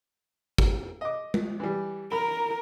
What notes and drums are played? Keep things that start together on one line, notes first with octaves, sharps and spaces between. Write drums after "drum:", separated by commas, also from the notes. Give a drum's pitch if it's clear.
drum: kick
D#5 D6
drum: tom G#3
E3 G3
A#4 B5